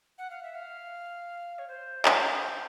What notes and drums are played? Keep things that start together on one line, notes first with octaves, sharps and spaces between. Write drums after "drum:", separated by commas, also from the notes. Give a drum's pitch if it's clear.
F#5
F5
E5
F5
C#5
C5
drum: clap